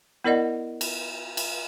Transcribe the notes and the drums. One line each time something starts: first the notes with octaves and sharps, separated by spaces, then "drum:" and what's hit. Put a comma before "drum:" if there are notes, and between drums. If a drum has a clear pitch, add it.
B3 E4 A#4 D5 D#5 F#5
drum: cymbal
drum: cymbal